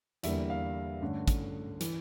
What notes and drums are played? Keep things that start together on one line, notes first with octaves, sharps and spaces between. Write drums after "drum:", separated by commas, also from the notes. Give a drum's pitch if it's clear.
E2 D3 G3 A#3 E5, drum: hi-hat
F5
G2 D3 A3 C#4
drum: kick, hi-hat
E3, drum: hi-hat